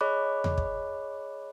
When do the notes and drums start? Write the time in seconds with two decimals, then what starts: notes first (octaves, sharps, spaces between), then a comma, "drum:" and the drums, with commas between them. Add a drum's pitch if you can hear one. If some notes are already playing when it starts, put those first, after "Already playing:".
0.01 G#4 C#5 D#5 B5 D6 F#6
0.44 drum: tom E2
0.58 drum: kick